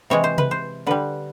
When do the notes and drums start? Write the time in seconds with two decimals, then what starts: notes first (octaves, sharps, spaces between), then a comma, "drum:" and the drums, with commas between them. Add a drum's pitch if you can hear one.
0.10 C3 E3 G#3 C#5
0.24 C5
0.38 B4, drum: tom C3
0.51 C5
0.87 D3 G3 B4